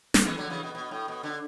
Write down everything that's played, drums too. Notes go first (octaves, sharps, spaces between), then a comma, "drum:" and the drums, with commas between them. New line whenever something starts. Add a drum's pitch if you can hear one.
A3, drum: snare
E3 G#3
D3 F#3
C#3 E3
B2
B2
A2
B2
D3